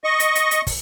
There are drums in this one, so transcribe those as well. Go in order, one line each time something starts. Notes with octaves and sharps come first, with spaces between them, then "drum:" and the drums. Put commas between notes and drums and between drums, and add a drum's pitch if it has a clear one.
D#5 C#6
drum: hi-hat
drum: hi-hat
drum: hi-hat
drum: kick, open hi-hat